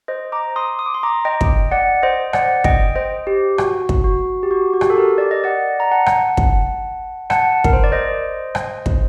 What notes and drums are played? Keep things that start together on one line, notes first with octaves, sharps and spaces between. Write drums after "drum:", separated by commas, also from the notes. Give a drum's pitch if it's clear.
C5 D#5
A#5 D6
C6 D#6
D#6
D6
C6
A#5 D6
D#5 G5
drum: kick
D5 F#5
C5 D#5
D5 F#5, drum: rim click
D#5 G5, drum: kick
C5 D#5
G4
F#4, drum: rim click
drum: kick
F#4
G4
F#4
F#4
G4, drum: rim click
A4
G4 A#4
D5
D#5
D5 F#5
A#5
F#5 A5
drum: rim click
drum: kick
F#5 A5, drum: rim click
A#4, drum: kick
C5
D5
C5 D#5
drum: rim click
drum: kick